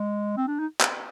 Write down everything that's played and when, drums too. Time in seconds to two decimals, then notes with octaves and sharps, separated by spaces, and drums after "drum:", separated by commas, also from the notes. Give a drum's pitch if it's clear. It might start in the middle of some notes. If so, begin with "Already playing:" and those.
Already playing: G#3
0.37 C4
0.48 D4
0.59 D#4
0.81 drum: clap